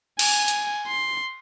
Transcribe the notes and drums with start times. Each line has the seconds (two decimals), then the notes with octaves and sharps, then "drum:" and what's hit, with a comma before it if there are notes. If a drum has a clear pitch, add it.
0.19 G#5, drum: cymbal
0.48 drum: hi-hat
0.87 C6